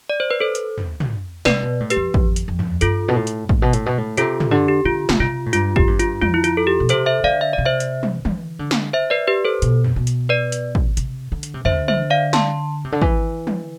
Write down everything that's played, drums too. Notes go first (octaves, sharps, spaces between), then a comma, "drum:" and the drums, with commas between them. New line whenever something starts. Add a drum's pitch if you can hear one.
D5
C5
B4
A4 C5
drum: hi-hat
drum: tom
drum: tom
C3 B4 D5, drum: snare
B2
A2
G4 B4, drum: hi-hat
F2
F2, drum: kick
drum: hi-hat
F2
drum: tom
G2 F4 A4, drum: hi-hat
B2
A2
drum: hi-hat
A2, drum: kick
B2
A2, drum: hi-hat
B2
A2
C3 F4 A4, drum: hi-hat
drum: tom
D3 G4
G4
D3 F4
D3, drum: snare
C3 F4
A2
G2 F4, drum: hi-hat
G4, drum: kick
A2
G2
F4, drum: hi-hat
F2 F4, drum: tom
E4
F4, drum: hi-hat
A4
G4
B2
C3 A4 C5, drum: hi-hat
C5 E5
D3 D5 F5
E5
D5
C3
C5 E5
drum: hi-hat
drum: tom
E3, drum: tom
D3
drum: snare
C5 E5
B4 D5
G4 B4
A4 C5
B2, drum: hi-hat
drum: tom
B2
drum: hi-hat
B4 D5
drum: hi-hat
drum: kick
C3, drum: hi-hat
D3
drum: hi-hat
C3
D3 C5 E5, drum: tom
C5 E5, drum: tom
D5 F5
A5 C6, drum: snare
C3
D3
E3, drum: kick
drum: tom